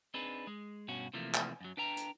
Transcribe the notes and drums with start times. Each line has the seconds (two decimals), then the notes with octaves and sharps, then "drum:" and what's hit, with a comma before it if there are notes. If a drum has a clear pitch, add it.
0.14 C4 D4 D#4 G#4 B4
0.47 G#3
0.88 G2 B2 C#4 F#4
1.14 C3 E3 F3 A3 A#3
1.34 drum: clap
1.61 F#2 F#3
1.77 D4 B4 G5 A#5
1.97 drum: hi-hat